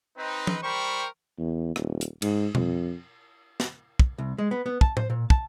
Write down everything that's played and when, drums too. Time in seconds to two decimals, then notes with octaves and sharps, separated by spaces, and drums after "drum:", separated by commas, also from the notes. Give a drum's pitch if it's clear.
0.17 C4 D#4 B4
0.47 drum: tom F3
0.63 G3 A#4 C5 G5 B5 C#6
1.39 E2
1.76 D#1, drum: rim click
2.01 drum: hi-hat
2.22 G#2, drum: cymbal
2.55 F2, drum: tom B2
3.60 drum: snare
3.99 drum: kick
4.18 C2
4.38 G#3
4.51 B3
4.66 B3
4.81 A5, drum: kick
4.97 C5, drum: tom A2
5.10 A#2
5.30 A5, drum: kick